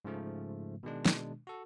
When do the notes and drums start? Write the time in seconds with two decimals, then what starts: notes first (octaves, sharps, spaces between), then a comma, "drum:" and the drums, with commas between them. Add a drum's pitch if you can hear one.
0.05 G#2 C#3 F3 A3
0.83 B2 D#3 G#3 D4
1.05 drum: snare
1.47 F#4 A4